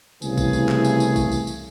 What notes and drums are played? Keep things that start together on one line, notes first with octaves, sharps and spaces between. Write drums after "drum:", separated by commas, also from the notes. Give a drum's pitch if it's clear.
C2 C#3 E3 A3 A#3 G#4, drum: tambourine
drum: kick, tambourine
drum: tambourine
drum: clap
drum: tambourine
drum: tambourine
drum: kick, tambourine
drum: tambourine
drum: tambourine